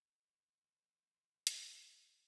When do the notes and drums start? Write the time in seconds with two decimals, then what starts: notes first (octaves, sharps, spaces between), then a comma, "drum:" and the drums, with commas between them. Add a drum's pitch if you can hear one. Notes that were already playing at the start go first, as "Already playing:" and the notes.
0.19 B1 F3 A#3 C5
1.47 drum: hi-hat